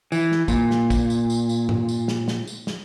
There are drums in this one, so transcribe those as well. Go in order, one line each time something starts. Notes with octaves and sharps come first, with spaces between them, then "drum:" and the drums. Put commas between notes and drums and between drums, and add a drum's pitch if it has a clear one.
E3, drum: tambourine
drum: snare
A#2, drum: kick, tambourine
drum: snare
drum: kick, tambourine
drum: tambourine
drum: tambourine
drum: tambourine
drum: tom G2
drum: tambourine
drum: snare
drum: snare
drum: tambourine
drum: snare